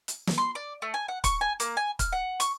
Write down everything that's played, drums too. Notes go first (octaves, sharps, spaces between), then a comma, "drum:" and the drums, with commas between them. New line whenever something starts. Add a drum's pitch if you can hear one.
drum: hi-hat
drum: snare
C6
D5
A3
G#5
F#5
C#6, drum: kick, hi-hat
G#5
A#3, drum: hi-hat
G#5
F6, drum: kick, hi-hat
F#5
C#6, drum: hi-hat